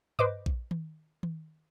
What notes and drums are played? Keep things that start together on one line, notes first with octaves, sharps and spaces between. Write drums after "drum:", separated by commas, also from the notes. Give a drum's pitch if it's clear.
B4 C5 D#5 D6, drum: tom G2
drum: kick A#1
drum: tom D#3
drum: tom D#3